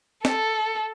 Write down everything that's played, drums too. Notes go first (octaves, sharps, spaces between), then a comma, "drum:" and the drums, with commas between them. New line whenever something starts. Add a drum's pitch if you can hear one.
A4, drum: snare